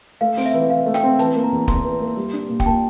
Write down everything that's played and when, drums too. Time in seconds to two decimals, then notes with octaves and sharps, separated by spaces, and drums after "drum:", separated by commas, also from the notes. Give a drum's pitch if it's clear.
0.21 A3 F5
0.37 C4, drum: open hi-hat
0.46 E5
0.54 E3
0.70 E3 F5
0.86 A3
0.94 G5, drum: snare
1.03 C4
1.19 E3 A5, drum: hi-hat
1.35 A#3
1.43 A#5
1.52 E2
1.68 E2 C6, drum: kick
1.84 E3
2.01 A#3
2.17 G3
2.33 D4
2.49 A#2
2.60 G5, drum: kick
2.66 A#2 A5